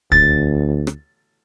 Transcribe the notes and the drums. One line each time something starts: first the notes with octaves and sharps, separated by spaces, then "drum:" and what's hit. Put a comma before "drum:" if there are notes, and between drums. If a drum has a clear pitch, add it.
D2 A6, drum: kick
drum: rim click